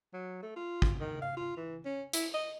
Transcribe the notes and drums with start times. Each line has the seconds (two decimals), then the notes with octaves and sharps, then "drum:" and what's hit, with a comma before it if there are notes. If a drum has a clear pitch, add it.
0.13 F#3
0.42 A3
0.56 F4
0.82 drum: kick
1.01 D#3
1.22 F5
1.37 F4
1.57 E3
1.85 C#4
2.13 E4, drum: hi-hat
2.34 D#5